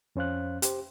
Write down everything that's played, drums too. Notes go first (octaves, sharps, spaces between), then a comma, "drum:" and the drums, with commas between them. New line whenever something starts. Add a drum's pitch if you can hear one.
F2 C#4 C5 F5 F#6
G4 C5, drum: hi-hat